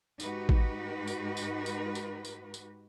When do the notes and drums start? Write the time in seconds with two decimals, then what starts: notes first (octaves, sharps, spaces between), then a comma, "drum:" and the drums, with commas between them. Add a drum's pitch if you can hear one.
0.20 G#2 D#4 F#4 G4 B4, drum: tambourine
0.49 drum: kick A1
1.08 drum: tambourine
1.37 drum: tambourine
1.66 drum: tambourine
1.95 drum: tambourine
2.25 drum: tambourine
2.54 drum: tambourine